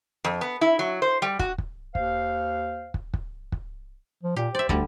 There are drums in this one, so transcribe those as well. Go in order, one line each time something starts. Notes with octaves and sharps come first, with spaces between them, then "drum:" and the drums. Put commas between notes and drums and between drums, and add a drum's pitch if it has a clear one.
F2
B3
E4
F#3
C5
G3
F#4, drum: kick
drum: kick
D#2 C5 F5, drum: kick
drum: kick
drum: kick
drum: kick
F3
A#2 G4
C5 D5 E5
D2 D3 G3, drum: kick